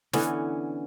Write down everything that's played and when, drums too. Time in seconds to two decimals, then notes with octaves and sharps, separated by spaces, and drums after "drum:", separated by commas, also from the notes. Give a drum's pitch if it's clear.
0.13 D3 E3 B3 C#4, drum: snare